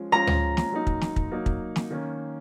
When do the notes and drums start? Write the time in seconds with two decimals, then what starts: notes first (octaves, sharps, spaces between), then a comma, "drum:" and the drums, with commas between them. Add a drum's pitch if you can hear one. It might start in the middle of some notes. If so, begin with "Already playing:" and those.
Already playing: F3 G#3 C#4 F4
0.12 F3 G#3 C#4 F4 A#5
0.27 drum: tom D2
0.57 drum: snare
0.72 F#3 A#3 D#4
0.87 drum: kick
1.01 drum: snare
1.16 drum: kick
1.31 F#3 A#3 D#4
1.46 drum: kick
1.76 drum: snare
1.91 D#3 A#3 C#4